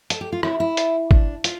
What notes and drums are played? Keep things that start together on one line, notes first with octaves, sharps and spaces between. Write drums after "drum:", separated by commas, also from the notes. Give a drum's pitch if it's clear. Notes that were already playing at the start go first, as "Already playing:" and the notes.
A4, drum: hi-hat
G4
F4
E4, drum: rim click
E4
drum: hi-hat
D4, drum: kick
F4, drum: hi-hat